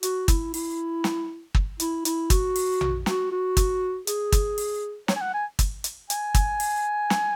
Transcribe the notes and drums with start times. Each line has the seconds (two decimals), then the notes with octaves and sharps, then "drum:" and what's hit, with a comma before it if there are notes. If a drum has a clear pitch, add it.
0.03 F#4, drum: hi-hat
0.28 E4, drum: kick, hi-hat
0.54 E4, drum: open hi-hat
1.04 drum: snare
1.55 drum: kick
1.80 E4, drum: hi-hat
2.05 E4, drum: hi-hat
2.30 F#4, drum: kick, hi-hat
2.56 drum: open hi-hat
2.81 drum: tom A#1
3.06 F#4, drum: snare
3.32 F#4
3.57 drum: kick, hi-hat
4.07 G#4, drum: hi-hat
4.32 drum: kick, hi-hat
4.58 drum: open hi-hat
5.08 C#5, drum: snare
5.16 G#5
5.21 F#5
5.34 G#5
5.59 drum: kick, hi-hat
5.84 drum: hi-hat
6.10 G#5, drum: hi-hat
6.34 drum: kick, hi-hat
6.60 drum: open hi-hat
7.10 drum: snare